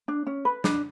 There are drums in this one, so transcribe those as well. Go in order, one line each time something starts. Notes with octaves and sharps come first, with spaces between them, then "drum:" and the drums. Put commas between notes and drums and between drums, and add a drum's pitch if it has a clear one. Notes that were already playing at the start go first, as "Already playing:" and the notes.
D4
C#4
B4
D4, drum: snare